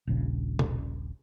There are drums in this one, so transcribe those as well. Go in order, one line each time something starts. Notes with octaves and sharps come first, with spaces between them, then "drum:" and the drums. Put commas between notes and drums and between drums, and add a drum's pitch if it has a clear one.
D#1 A#1 C#3
drum: tom B2